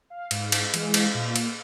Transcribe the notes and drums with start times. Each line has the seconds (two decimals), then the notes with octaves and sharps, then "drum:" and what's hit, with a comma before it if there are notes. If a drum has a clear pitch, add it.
0.10 F5
0.31 G#2, drum: cymbal
0.52 drum: cymbal
0.74 E3 G#3, drum: cymbal
0.94 drum: cymbal
1.15 A#2
1.36 drum: cymbal